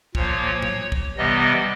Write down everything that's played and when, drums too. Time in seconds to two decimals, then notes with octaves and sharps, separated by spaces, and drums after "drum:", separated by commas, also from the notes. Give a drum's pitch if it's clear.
0.15 A#2 F3 A#3 C#5, drum: kick
0.62 drum: tom A2
0.92 drum: kick
1.17 C3 E3 G3 B3 D#5